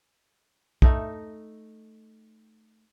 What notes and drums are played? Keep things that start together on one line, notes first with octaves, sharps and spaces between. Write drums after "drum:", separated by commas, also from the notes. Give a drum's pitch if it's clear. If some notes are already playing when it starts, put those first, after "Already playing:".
A3 D#4, drum: kick